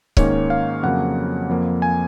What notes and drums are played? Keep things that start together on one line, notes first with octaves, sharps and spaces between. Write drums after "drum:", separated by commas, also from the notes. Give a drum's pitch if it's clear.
G#2 D#3 A#3 C#4 C#5, drum: kick C#1
F5
F2 C#3 F#3 A#3 F#5
F2 F3 A#3
G#5